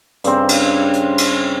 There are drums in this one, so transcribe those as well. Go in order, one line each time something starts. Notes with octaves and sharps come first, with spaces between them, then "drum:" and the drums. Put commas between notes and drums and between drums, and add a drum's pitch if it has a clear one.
G2 C#3 C4, drum: hi-hat
drum: cymbal
drum: hi-hat
drum: cymbal